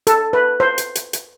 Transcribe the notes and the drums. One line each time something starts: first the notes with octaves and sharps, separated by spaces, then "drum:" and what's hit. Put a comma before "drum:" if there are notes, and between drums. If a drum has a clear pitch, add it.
A4, drum: hi-hat
B4
C5
drum: hi-hat
drum: hi-hat
drum: hi-hat